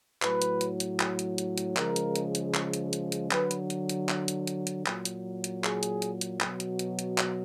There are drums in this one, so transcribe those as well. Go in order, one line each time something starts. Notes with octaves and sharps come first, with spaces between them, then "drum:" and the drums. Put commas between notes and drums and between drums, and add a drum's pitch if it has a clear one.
A2 F#3 B4, drum: clap
drum: hi-hat
drum: hi-hat
drum: hi-hat
drum: clap
drum: hi-hat
drum: hi-hat
drum: hi-hat
C#3 F3 G#3 A#4, drum: clap
drum: hi-hat
drum: hi-hat
drum: hi-hat
drum: clap
drum: hi-hat
drum: hi-hat
drum: hi-hat
D3 F#3 B4, drum: clap
drum: hi-hat
drum: hi-hat
drum: hi-hat
drum: clap
drum: hi-hat
drum: hi-hat
drum: hi-hat
A#2 F#3, drum: clap
drum: hi-hat
drum: hi-hat
G#4, drum: clap
drum: hi-hat
drum: hi-hat
drum: hi-hat
B2 F#3, drum: clap
drum: hi-hat
drum: hi-hat
drum: hi-hat
drum: clap